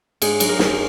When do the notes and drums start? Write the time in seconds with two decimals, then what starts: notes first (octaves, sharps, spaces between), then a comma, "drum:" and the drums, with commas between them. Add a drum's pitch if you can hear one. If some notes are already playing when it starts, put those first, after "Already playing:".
0.22 G#2 G#4, drum: cymbal
0.40 F#3, drum: cymbal
0.49 A#4
0.59 F#2 G#4, drum: snare